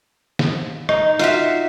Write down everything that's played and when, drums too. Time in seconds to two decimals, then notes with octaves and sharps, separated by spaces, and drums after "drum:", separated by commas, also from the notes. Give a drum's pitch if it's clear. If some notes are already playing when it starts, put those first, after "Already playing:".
0.39 drum: snare
0.89 D#4, drum: rim click
1.19 F4 F#4 E5 F5, drum: hi-hat